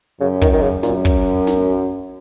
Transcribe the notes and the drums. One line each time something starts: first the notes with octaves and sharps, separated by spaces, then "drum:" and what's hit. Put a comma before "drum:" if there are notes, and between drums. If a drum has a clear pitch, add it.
F#2 C#3
D#3, drum: kick
D#3
C#3
F#2 A#2, drum: snare
drum: kick
drum: snare